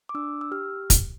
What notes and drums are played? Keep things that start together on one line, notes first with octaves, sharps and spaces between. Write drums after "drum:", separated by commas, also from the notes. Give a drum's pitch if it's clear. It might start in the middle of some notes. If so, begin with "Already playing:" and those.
D6
D4 E6
E6
G4 F6
drum: kick, hi-hat